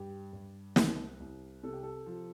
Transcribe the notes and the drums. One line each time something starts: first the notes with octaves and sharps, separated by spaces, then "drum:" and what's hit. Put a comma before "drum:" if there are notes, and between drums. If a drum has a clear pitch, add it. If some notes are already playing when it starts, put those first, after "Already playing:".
Already playing: G2 G4
G2
C2, drum: snare
C2
C3 A4
G4
A4
F3